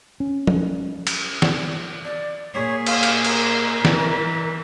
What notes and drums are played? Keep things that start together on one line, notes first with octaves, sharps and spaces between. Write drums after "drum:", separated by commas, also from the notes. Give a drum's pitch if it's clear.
C#4
drum: tom F3
drum: cymbal
drum: snare
D5
A#2 G#4 C#5
F5, drum: cymbal
drum: cymbal
A#4, drum: cymbal
E3, drum: snare